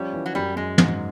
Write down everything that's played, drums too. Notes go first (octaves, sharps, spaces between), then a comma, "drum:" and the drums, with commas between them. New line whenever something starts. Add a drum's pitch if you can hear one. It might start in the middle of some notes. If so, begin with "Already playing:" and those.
Already playing: F3 G3 C#4
E3
F#3
F#2 G3
F#2 G#3
G#2, drum: tom